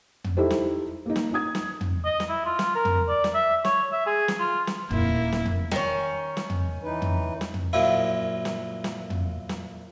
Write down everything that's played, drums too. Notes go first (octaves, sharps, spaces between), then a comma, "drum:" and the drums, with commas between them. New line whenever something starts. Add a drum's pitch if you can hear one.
drum: tom
D#4 E4 G4 A4 C5
drum: snare
A#3 D#4
drum: snare
D#4 D#6 G#6
drum: snare
drum: tom
D#5
drum: snare
E4
F4
drum: snare
A#4
drum: tom
D5
drum: snare
E5
C#5, drum: snare
E5
G#4
drum: snare
F4
drum: snare
D#1 A#3 E4, drum: tom
drum: snare
drum: tom
D#3 C#4, drum: snare
drum: snare
drum: tom
E3 D#4 B4
drum: tom
drum: snare
drum: tom
F#2 A#2 F3 E4
drum: snare
drum: snare
drum: tom
drum: snare